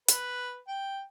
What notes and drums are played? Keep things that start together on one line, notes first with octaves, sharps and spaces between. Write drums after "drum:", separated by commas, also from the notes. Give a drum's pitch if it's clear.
B4, drum: hi-hat
G5